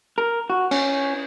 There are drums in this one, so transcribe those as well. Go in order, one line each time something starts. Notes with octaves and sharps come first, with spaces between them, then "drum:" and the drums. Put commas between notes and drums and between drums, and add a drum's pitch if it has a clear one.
A#4
F#4
C#4, drum: cymbal